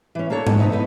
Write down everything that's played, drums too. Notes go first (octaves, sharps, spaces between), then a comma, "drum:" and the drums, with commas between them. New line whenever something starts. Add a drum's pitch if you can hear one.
E3 C#4
A#3 D4 A4 C#5
G#3 A5, drum: tom G#2
C3 A3 B3 C4 D#4 E5
B3 D#4 E4